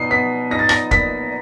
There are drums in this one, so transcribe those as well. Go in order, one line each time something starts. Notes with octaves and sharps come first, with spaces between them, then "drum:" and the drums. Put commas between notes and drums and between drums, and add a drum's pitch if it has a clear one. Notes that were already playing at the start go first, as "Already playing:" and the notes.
Already playing: B2 B3 D#4 C7
B3 B6
D#4 A#6
A6
A#6, drum: rim click
A#3 B6, drum: kick